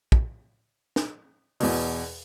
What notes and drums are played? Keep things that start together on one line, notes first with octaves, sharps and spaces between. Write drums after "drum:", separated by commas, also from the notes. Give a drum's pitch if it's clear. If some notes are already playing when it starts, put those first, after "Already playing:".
drum: kick
drum: snare
E2 B2, drum: open hi-hat